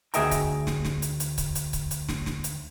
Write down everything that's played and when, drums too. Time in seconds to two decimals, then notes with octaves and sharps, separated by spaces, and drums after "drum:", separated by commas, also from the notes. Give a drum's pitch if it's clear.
0.14 D2 G#4 D#5 E5 G5 A#5, drum: hi-hat
0.31 drum: kick C#1, hi-hat
0.67 drum: snare
0.85 drum: snare
1.02 drum: hi-hat
1.20 drum: hi-hat
1.38 drum: kick C#1, hi-hat
1.55 drum: hi-hat
1.73 drum: kick C#1, hi-hat
1.91 drum: hi-hat
2.09 drum: snare
2.26 drum: snare
2.44 drum: hi-hat